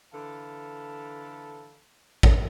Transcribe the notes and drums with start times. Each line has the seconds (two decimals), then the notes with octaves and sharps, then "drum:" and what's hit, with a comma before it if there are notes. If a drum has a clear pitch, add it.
0.13 D3 E3 A4 F5 A5 B5
2.23 drum: kick A1